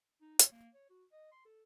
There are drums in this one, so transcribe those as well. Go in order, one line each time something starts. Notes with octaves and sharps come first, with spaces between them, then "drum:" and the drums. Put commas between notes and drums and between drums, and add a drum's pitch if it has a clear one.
D#4
C#5, drum: hi-hat
A#3
C#5
F#4
D#5
C6
A4